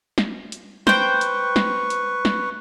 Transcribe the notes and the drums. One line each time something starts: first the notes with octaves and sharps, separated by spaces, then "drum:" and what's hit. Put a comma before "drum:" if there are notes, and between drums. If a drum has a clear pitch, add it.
drum: snare
drum: hi-hat
B4 C5 G5 C#6, drum: snare
drum: hi-hat
drum: snare
drum: hi-hat
drum: snare